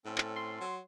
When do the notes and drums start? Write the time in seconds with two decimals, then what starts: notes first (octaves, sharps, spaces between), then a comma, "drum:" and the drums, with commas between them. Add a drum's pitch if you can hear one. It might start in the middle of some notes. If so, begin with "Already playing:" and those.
0.05 A2 C4 C#4 A4
0.18 drum: clap
0.36 C6
0.60 F#3